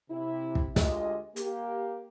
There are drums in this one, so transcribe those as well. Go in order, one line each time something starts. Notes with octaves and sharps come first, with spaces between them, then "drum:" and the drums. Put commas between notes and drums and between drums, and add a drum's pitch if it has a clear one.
C3 E4
drum: kick
D2 G#3 F4 G4 D#5, drum: snare
A#3 G4, drum: hi-hat